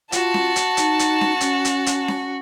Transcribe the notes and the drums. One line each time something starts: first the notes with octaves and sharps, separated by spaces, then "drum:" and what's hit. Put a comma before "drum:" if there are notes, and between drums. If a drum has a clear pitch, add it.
F4 F#4 A5, drum: hi-hat
drum: snare C#4
drum: hi-hat
D#4, drum: hi-hat
drum: hi-hat
drum: snare C#4
C#4, drum: hi-hat
drum: hi-hat
drum: hi-hat
drum: snare C#4